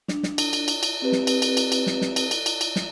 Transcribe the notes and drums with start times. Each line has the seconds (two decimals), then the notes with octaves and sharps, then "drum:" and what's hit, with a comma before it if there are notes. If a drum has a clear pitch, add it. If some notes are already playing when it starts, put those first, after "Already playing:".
0.08 D4, drum: snare
0.23 drum: snare
0.38 drum: cymbal
0.53 drum: cymbal
0.68 drum: cymbal
0.83 drum: cymbal
1.02 C4 G4 B4
1.12 drum: snare
1.27 drum: cymbal
1.42 drum: cymbal
1.57 drum: cymbal
1.72 drum: cymbal
1.87 drum: snare
2.01 drum: snare
2.16 drum: cymbal
2.31 drum: cymbal
2.46 drum: cymbal
2.61 drum: cymbal
2.76 drum: snare